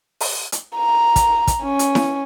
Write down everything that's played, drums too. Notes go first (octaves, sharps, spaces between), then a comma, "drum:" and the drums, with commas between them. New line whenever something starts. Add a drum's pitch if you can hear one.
drum: open hi-hat
drum: hi-hat
A#5
drum: kick, hi-hat
drum: kick, hi-hat
C#4
drum: hi-hat
drum: snare E4